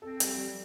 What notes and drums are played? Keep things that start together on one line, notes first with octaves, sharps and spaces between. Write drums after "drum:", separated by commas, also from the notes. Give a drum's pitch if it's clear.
C4 A4
G3, drum: hi-hat
G3